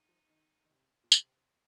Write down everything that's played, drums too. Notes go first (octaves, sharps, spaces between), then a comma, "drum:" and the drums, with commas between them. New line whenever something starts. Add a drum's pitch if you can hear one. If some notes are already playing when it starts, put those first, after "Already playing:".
Already playing: D#4
F3
D#3
D#3
C3
A#2
C3 C4, drum: tambourine